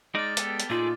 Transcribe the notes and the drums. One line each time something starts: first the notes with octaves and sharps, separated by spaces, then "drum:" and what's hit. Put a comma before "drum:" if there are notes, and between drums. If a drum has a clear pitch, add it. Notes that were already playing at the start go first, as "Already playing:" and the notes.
G#3 D#4 D5 D6 F6 A6
B3 G4 A4, drum: hi-hat
drum: hi-hat
A#2 A3 D#4 F4 G#4 D5